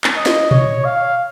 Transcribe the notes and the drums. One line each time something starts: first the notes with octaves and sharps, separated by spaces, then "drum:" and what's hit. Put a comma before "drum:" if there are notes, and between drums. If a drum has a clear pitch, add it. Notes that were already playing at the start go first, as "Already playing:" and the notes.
drum: clap
D#5
drum: snare
C#5, drum: tom A#2
F5